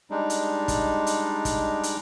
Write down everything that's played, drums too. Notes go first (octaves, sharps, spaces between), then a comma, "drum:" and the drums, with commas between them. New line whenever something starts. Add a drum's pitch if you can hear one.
G3 G#3 D4 D#4
drum: hi-hat
drum: kick, hi-hat
drum: hi-hat
drum: kick, hi-hat
drum: hi-hat